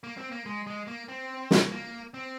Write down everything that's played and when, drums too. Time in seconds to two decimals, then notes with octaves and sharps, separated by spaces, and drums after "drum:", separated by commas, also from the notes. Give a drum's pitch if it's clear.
0.04 A#3
0.18 C4
0.31 A#3
0.46 G#3
0.67 G#3
0.88 A#3
1.08 C4
1.51 drum: snare
1.72 A#3
2.14 C4